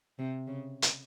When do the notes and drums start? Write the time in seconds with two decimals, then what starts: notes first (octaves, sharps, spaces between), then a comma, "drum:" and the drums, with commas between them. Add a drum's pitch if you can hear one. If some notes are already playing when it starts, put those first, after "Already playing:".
0.19 C3
0.47 C#3
0.82 drum: hi-hat